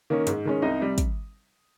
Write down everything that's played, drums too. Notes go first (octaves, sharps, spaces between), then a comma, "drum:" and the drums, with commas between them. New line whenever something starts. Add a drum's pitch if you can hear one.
D#3 A#3 C#4
G#2, drum: hi-hat
D#3 G#3 C#4
C2 D#4 D#5
C3 G3
drum: kick, hi-hat